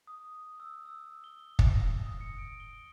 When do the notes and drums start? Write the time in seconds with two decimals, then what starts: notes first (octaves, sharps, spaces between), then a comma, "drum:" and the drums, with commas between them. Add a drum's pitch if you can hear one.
0.07 D#6
0.60 E6
0.86 E6
1.24 G7
1.59 drum: kick
1.73 A#6
2.06 D#6
2.21 C#7
2.38 D7
2.60 G7